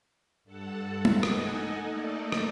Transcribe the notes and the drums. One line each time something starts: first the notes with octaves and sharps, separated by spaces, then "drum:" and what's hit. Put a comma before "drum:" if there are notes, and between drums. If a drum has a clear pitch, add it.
G2 A4 F#5 A5
drum: tom G#3
D#4 A4 D#5 F#5 G#5, drum: rim click
A3 A#3 D#4 A4 D5 D#5
drum: rim click